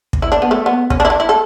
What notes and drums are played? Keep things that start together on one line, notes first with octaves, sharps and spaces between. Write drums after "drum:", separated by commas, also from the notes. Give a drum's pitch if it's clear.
drum: kick
E4
D4
B3
A3
B3
C#4, drum: kick
D4
E4
D4
E4
A4